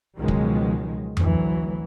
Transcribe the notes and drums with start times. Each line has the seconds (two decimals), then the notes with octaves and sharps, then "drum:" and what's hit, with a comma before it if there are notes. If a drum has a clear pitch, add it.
0.17 C#2 B2 D#3 F3 F#3 G#3
0.28 drum: kick
1.17 A1 D2 E3 F#3, drum: tom F2